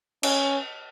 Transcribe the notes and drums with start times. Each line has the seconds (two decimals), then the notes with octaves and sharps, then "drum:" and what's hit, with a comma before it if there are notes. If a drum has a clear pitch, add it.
0.23 C#4, drum: cymbal